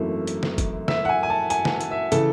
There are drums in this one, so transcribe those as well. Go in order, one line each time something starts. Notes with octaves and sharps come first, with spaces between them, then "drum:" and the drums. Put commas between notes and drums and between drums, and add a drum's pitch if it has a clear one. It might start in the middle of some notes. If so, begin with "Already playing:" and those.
Already playing: G#1 F#2 E3 A3
drum: hi-hat
drum: snare
drum: kick, hi-hat
E5, drum: snare
F#5
G#5
G#5
A5
G#5, drum: hi-hat
drum: snare
drum: hi-hat
E5
C#3 E3 A4, drum: hi-hat